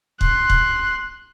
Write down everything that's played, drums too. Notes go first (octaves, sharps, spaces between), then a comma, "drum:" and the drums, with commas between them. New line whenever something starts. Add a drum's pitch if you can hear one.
C6 F#6, drum: kick
drum: kick